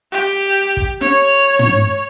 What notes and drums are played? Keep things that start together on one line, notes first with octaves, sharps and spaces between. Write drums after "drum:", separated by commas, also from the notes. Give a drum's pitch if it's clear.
G4
drum: kick
C#5, drum: snare
drum: tom